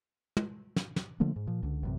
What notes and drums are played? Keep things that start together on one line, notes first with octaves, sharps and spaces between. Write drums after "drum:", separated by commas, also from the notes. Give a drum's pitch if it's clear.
drum: tom
drum: snare
drum: snare
D3 F3 A3 A#3
G#2
A#2 F3
C#2 D3
A1 F#2 C3